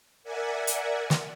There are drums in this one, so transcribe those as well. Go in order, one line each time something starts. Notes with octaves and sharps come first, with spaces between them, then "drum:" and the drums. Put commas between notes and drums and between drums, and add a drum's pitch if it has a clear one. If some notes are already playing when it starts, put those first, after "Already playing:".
A#4 D5 E5 F#5 G#5
drum: hi-hat
drum: snare